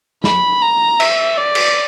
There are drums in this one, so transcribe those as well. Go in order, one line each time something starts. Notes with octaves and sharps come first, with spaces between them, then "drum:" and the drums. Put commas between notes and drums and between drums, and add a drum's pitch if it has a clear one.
B5, drum: snare
A#5
E5, drum: cymbal
D5
drum: cymbal